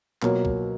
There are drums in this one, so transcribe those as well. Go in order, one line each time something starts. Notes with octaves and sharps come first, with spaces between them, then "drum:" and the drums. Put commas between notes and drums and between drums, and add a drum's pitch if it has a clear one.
B2 F#3 A#3 F4, drum: clap
drum: kick